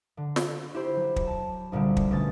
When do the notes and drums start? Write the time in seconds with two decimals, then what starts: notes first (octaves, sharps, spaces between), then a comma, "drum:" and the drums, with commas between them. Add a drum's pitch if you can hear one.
0.17 D3
0.36 drum: snare
0.74 E4 G4 C5 B5
0.96 F#3
1.16 drum: kick
1.27 A5
1.72 C2 A#2 D3 G3
1.97 drum: kick
2.11 B2 D3 A3 C#4 A6